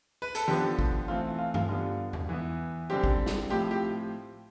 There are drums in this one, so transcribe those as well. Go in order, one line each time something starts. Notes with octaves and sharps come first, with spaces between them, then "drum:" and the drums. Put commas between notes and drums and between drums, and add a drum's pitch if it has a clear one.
B4
A4, drum: hi-hat
D3 F3 B3 G4, drum: tom D#3
drum: kick G#1
E3 A3 C4 F4
F4
F4, drum: tom G2
D3 G3 B3 F4
drum: tom E2
E3 B3
D3 G3 C4 G4
drum: kick G#1
drum: snare
A2 F3 C4 G4
G4